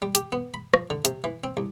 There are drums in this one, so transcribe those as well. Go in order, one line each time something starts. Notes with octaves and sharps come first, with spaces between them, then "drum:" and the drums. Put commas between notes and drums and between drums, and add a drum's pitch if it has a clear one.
G3
G4, drum: hi-hat
B3
B5
F3, drum: rim click
D3
C3, drum: hi-hat
E3
C4
C2